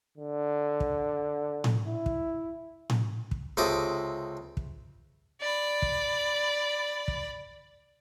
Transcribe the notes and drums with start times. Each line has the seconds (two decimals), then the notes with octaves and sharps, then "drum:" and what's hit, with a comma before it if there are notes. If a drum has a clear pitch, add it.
0.18 D3
0.80 drum: kick
1.64 drum: tom A2
1.88 E4
2.06 drum: kick
2.90 drum: tom A2
3.31 drum: kick
3.57 C#2 C3 A4 D#5 D6
4.57 drum: kick
5.40 D5 B5
5.82 drum: kick
7.08 drum: kick